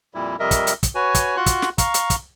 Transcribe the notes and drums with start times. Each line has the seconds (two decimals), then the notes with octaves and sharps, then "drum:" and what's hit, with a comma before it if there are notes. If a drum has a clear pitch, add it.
0.15 F2 A#2 G3 E4
0.40 F2 C3 G3 A#4 D#5 E5
0.51 drum: kick, hi-hat
0.67 drum: hi-hat
0.83 drum: kick, hi-hat
0.95 F#4 B4 C#5 G#5
1.15 drum: kick, hi-hat
1.37 F4 F#4 F#5 C6 F#6
1.46 drum: kick, hi-hat
1.62 drum: snare
1.78 F5 A#5 C#6, drum: kick, hi-hat
1.94 drum: hi-hat
2.10 drum: kick, hi-hat